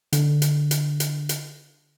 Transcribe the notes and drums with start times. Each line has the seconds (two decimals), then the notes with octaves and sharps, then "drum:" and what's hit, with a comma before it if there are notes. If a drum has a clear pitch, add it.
0.13 D3, drum: hi-hat
0.42 drum: hi-hat
0.71 drum: hi-hat
1.00 drum: hi-hat
1.29 drum: hi-hat